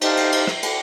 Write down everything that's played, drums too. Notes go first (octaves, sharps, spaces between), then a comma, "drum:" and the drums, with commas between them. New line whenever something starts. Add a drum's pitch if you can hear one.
D#4 G4 C5 F5 A5, drum: cymbal
drum: cymbal
drum: cymbal
drum: rim click
drum: cymbal